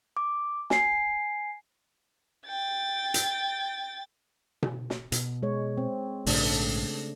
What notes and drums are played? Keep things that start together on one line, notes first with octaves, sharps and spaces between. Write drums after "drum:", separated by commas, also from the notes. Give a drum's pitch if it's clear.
D6
G#5 C7, drum: snare
G5 A6
drum: hi-hat
drum: tom B2
drum: snare
B2, drum: hi-hat
G#3 C#5
C4
A#1 G#2 C#3 A3 D4, drum: open hi-hat